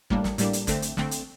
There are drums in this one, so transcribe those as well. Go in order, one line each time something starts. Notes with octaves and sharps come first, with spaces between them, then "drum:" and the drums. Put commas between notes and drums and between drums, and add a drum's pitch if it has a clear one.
A2 G3 A#3 D4, drum: kick
drum: snare
A2 G3 A#3 D4, drum: hi-hat
drum: hi-hat
D3 A3 C4, drum: kick, hi-hat
drum: hi-hat
D3 A3 C4, drum: snare
drum: hi-hat